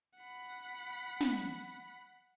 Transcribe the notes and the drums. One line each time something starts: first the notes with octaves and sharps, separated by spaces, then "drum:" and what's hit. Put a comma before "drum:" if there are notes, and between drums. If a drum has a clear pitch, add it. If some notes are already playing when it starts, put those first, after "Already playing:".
F#5 B5
drum: snare